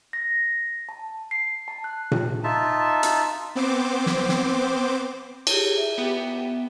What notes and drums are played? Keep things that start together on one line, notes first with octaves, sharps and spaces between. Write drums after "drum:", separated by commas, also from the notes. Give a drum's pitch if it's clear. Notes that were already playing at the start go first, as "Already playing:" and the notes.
A#6
A5
C7
A5
F#6
drum: tom A#2
D#4 F4 E5 A5
drum: hi-hat
B3 C4 C5 D6
drum: snare
drum: snare
G4 G#4 C#5, drum: cymbal
E5
B3 G4